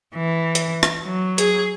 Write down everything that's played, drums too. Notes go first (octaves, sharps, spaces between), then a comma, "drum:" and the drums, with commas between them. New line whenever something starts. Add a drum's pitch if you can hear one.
E3
drum: hi-hat
drum: rim click
F#3
G#4, drum: hi-hat